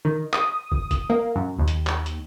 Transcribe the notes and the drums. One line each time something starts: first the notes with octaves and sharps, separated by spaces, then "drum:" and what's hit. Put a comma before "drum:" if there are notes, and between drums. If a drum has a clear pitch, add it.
D#3
D#6, drum: clap
drum: kick
drum: kick, hi-hat
A#3
F#2
D#2
drum: hi-hat
drum: clap
drum: hi-hat